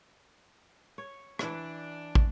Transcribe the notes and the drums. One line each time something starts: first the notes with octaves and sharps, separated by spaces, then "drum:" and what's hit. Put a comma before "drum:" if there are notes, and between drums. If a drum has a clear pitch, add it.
C#5
E3 D4 E4, drum: rim click
drum: kick